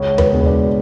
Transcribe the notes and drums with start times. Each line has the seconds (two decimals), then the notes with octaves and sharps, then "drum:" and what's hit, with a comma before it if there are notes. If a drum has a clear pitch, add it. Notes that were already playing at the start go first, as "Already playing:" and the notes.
Already playing: C#2 C#5
0.18 B4, drum: tom D#2
0.33 B2 G#3 D4 G#4
0.46 D5